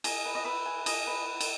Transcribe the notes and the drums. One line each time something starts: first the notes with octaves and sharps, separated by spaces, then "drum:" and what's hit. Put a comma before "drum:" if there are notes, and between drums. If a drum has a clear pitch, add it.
G#4 D#5, drum: cymbal
B4
D#5
B4 E5
G#4
G#4 D#5, drum: cymbal
B4
drum: cymbal